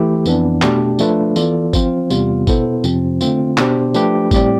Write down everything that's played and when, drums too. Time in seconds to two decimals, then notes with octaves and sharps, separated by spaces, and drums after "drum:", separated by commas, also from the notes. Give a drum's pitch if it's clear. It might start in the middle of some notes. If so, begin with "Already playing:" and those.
Already playing: E3 A3 E4 G4
0.26 F2 E3 B3 D4, drum: tambourine
0.62 B2 A3 D4 G4 D5, drum: clap
0.99 F3 A3 D4 F4 B4, drum: tambourine
1.36 E3 B3 F4 A4 D5, drum: tambourine
1.73 F3 C4 F4 C5, drum: kick G#1, tambourine
2.10 E2 C3 G3 B3 F4, drum: tambourine
2.47 B2 B3 E4 A4 C5, drum: kick G#1, tambourine
2.84 F2 C3 F3 C4, drum: tambourine
3.21 D3 A3 C4 F4, drum: tambourine
3.57 B2 B3 D4 G4 C5, drum: clap
3.94 F3 A3 D4 G4 B4, drum: tambourine
4.31 A2 G3 C4 G4 D5, drum: kick G#1, tambourine